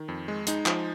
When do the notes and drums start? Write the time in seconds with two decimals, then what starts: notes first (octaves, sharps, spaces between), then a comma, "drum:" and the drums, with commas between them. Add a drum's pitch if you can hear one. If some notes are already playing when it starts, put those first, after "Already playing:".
Already playing: D#3
0.08 F2
0.28 G#3
0.47 G#3 D#4, drum: hi-hat
0.66 F3, drum: clap